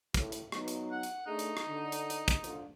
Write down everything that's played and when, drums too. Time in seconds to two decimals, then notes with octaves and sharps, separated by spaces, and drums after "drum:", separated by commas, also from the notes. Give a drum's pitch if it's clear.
0.14 A2, drum: kick, hi-hat
0.32 drum: hi-hat
0.52 F#3 B3 D#4, drum: rim click
0.68 drum: hi-hat
0.91 F#5
1.03 drum: hi-hat
1.27 A3 D4 D#4 G#4
1.39 drum: hi-hat
1.57 drum: rim click
1.67 D3
1.92 drum: hi-hat
2.10 drum: hi-hat
2.28 drum: kick, hi-hat
2.44 D3 F3 F4, drum: hi-hat